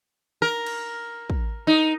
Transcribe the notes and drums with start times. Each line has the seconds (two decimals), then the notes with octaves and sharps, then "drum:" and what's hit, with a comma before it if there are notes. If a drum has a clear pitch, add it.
0.42 A#4
0.66 drum: cymbal
1.30 drum: kick
1.67 D#4